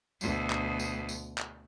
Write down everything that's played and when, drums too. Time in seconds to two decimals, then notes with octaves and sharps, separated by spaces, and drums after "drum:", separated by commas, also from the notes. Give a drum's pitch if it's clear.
0.21 D2 B2, drum: tambourine
0.50 drum: clap
0.79 drum: tambourine
1.09 drum: tambourine
1.38 drum: clap